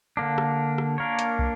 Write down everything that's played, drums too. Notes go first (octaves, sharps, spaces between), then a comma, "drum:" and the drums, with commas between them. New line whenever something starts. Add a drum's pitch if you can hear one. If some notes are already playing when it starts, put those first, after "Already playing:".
D3 A#3 D4
drum: rim click
drum: rim click
A#3 D4 A#4 C#5
drum: hi-hat
drum: kick